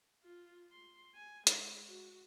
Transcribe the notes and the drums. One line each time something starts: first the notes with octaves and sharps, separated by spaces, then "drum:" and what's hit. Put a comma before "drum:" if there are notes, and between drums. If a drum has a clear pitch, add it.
F4
C6
G#5
G#3, drum: hi-hat
F#4